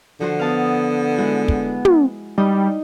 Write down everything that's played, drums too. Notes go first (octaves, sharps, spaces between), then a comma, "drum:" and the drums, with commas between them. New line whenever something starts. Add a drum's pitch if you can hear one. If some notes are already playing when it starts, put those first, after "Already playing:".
D3 F3 F#4 C5
B3 F5 A5 D#6
G#3 E4 F#4
drum: kick
drum: tom
G3 D#4